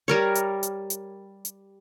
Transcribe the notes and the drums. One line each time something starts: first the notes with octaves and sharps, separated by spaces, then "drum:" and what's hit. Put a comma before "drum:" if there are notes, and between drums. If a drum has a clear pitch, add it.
G3 A#4 C#5
drum: hi-hat
drum: hi-hat
drum: hi-hat
drum: hi-hat